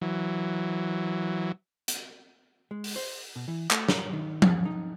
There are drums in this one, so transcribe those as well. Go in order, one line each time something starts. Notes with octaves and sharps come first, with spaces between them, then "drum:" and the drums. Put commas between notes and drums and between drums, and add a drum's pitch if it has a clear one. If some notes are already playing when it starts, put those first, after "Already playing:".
E3 F#3
drum: hi-hat
G#3
drum: open hi-hat
C5
B2
E3
A3, drum: clap
A#4, drum: snare
D#3
E2, drum: tom F3
D#4